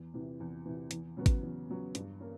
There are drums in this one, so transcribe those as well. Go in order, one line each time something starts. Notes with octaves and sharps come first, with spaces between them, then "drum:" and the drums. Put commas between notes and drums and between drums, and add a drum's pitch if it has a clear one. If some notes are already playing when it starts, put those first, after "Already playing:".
Already playing: E2
C3 E3
E2
C3 E3
E2, drum: hi-hat
C#3 F#3 B3
drum: kick, hi-hat
E2
C#3 F#3 B3
G2, drum: hi-hat
A#3 C#4